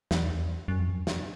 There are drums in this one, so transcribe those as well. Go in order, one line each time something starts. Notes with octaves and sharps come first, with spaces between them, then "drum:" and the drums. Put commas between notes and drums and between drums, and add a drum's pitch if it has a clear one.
E2, drum: snare
F#2
F2
drum: snare